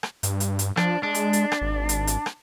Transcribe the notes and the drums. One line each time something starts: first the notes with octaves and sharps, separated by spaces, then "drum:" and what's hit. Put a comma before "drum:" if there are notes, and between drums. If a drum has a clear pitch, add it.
drum: rim click
G2, drum: hi-hat
drum: hi-hat
drum: hi-hat
F3 D4, drum: rim click
G#3 D4
drum: hi-hat
drum: hi-hat
drum: rim click
G#1
drum: hi-hat
drum: hi-hat
drum: rim click